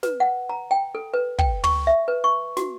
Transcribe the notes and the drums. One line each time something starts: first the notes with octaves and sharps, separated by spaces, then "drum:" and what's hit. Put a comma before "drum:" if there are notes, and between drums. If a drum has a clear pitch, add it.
B4, drum: snare
F#5
A#5
G5
A4
B4
G5, drum: kick
C#6, drum: tom
E5
B4
C#6
F#4, drum: snare